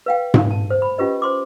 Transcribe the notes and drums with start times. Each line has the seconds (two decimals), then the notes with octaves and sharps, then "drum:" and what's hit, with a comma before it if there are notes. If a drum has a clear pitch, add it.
0.06 B4 F5 G5
0.34 drum: tom G#2
0.51 A5
0.70 C5
0.82 B5
0.98 C#4 F4 G4 B4 D#5
1.22 C5 C6 D6